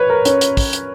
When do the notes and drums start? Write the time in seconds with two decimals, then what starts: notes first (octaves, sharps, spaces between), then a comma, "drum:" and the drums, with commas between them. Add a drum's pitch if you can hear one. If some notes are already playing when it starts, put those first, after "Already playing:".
Already playing: B4 C#5
0.10 A#4
0.25 C#4, drum: hi-hat
0.41 drum: hi-hat
0.57 drum: kick, open hi-hat
0.73 drum: hi-hat